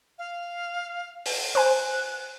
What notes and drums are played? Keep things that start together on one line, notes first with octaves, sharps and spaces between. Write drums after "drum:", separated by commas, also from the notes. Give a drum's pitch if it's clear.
F5
drum: open hi-hat
C5 G#5 F#6